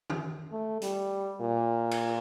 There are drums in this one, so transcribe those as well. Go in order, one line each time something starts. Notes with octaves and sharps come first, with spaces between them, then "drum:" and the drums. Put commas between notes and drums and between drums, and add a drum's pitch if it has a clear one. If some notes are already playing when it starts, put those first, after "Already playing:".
drum: tom D#3
A3
G3, drum: hi-hat
A#2
drum: cymbal